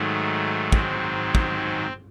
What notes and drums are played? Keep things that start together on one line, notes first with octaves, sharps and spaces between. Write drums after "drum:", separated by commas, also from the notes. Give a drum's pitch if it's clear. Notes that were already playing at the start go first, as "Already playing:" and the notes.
Already playing: G#2 D#3 F#3 A3
G#3 C4, drum: kick
drum: kick